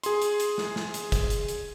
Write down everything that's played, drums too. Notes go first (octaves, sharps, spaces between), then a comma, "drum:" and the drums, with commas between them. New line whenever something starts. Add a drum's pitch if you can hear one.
G#4 C6, drum: hi-hat
drum: hi-hat
drum: hi-hat
drum: snare
drum: snare
drum: hi-hat
drum: kick, hi-hat
drum: hi-hat
drum: hi-hat